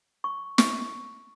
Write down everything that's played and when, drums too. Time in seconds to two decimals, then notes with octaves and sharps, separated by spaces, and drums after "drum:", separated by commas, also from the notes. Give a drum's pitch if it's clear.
0.24 C#6
0.58 C#6, drum: snare